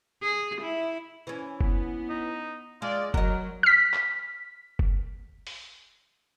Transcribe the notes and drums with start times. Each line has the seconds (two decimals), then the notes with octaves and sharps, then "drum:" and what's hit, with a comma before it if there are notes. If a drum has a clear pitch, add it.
0.22 G#4
0.61 E4
1.27 E3 C#4
1.61 B3, drum: kick F#1
2.10 D#4
2.82 G#3 F4 D5
3.14 F#3 F#4 A#4 D#5, drum: kick F#1
3.63 F6 B6
3.94 drum: clap
4.79 drum: kick F#1
5.47 drum: open hi-hat